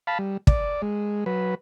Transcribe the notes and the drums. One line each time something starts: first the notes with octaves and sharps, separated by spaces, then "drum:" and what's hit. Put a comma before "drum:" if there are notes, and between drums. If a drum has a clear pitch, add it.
F5 A5 B5
G3
D5, drum: kick
G#3
F#3 B4